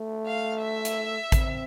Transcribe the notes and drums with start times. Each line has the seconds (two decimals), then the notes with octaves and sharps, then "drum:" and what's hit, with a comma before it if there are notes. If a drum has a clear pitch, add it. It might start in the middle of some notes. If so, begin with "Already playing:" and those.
Already playing: A3
0.26 F5
0.61 E5
0.85 drum: hi-hat
1.32 C4, drum: kick A1, hi-hat